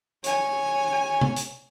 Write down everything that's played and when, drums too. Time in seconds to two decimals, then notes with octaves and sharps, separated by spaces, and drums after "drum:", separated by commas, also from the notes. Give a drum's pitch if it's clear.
0.24 C#5 G#5, drum: hi-hat
1.21 drum: tom C3
1.36 drum: hi-hat